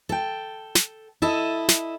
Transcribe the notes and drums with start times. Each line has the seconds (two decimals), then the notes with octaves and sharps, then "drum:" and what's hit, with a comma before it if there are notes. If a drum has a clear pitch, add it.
0.09 A4 G5
0.75 drum: snare
1.22 E4 A4 D#5
1.69 drum: snare